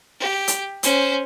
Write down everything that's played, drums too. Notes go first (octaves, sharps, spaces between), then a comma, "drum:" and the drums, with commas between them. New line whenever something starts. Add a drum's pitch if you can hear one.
G4
drum: hi-hat
C#4 C5, drum: hi-hat